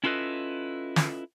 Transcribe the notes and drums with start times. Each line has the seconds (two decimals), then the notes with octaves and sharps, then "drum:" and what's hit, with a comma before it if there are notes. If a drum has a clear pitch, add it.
0.04 C#4 E4 F4 A4 B4 D#5
0.96 drum: snare